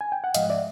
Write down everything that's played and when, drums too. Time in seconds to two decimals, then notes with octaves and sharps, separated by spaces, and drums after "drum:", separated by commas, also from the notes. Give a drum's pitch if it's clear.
0.01 G#5
0.12 G5
0.24 F#5
0.34 G#2 F3 G#3 D#5 F5, drum: hi-hat
0.50 D5 E5